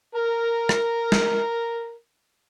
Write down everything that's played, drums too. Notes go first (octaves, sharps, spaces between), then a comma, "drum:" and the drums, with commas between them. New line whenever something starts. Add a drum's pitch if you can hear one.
A#4 A#5
drum: rim click
drum: snare